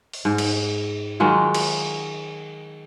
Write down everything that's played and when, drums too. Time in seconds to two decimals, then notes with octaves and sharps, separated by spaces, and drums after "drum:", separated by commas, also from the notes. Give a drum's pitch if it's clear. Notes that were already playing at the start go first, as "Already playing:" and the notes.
0.13 drum: open hi-hat
0.25 G#2
0.38 drum: cymbal
1.20 D#3 F#3 G#3 F4
1.54 drum: cymbal